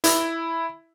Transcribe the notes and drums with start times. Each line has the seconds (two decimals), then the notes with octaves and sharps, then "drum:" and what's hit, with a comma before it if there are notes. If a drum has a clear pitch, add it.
0.04 E4, drum: hi-hat